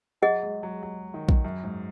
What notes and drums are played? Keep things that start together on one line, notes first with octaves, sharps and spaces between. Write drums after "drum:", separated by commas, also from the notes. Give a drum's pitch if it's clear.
F#3 G#4 D#5 F#5
G#3
F#3
F#3
D#3
drum: kick A#1
F#2
G#2